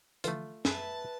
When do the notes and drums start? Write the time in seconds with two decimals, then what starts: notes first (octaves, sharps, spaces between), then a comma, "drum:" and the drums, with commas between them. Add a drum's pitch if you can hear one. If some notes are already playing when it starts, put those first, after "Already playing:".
0.24 D3 E3 F3 A3 F4, drum: hi-hat
0.65 F#2 B4 E5 A5, drum: snare